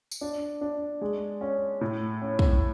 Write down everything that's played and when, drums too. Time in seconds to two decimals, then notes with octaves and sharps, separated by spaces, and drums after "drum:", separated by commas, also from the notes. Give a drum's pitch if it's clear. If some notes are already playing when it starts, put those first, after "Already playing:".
0.11 drum: tambourine
0.21 D4
0.61 D4
1.01 G#3
1.41 C#4
1.81 A2
2.21 C#4
2.39 drum: kick